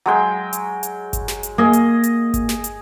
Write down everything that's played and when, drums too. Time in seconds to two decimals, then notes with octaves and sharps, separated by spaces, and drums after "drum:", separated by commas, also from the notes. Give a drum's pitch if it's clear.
0.06 F#3 G#3 G5
0.53 drum: hi-hat
0.83 drum: hi-hat
1.13 drum: kick G1, hi-hat
1.28 drum: snare
1.43 drum: hi-hat
1.58 A#3 G#4 D#5
1.73 drum: hi-hat
2.03 drum: hi-hat
2.34 drum: kick G1, hi-hat
2.49 drum: snare
2.64 drum: hi-hat